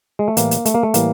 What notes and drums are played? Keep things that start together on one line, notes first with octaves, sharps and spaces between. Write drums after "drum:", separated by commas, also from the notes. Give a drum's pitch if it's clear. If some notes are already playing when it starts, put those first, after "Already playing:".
G#3
A3
A2 E3 G3 A#3, drum: hi-hat
drum: hi-hat
A3, drum: hi-hat
A#3
A3
A2 E3 G3 A#3, drum: hi-hat